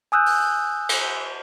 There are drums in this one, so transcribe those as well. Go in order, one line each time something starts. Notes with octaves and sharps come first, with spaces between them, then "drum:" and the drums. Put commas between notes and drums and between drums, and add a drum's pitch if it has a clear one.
G#5 D#6 E6 F#6 G6
drum: open hi-hat
drum: cymbal